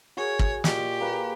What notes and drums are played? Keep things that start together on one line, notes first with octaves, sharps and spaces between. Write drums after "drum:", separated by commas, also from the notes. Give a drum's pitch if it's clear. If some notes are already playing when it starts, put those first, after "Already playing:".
F#4 G#4 A#4 C#5
drum: kick
A#2 G4 D#5, drum: snare
A#3 B4